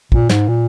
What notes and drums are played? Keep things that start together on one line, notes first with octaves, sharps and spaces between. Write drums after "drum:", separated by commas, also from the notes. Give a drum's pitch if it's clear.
A#2, drum: kick
G#2, drum: snare
A#2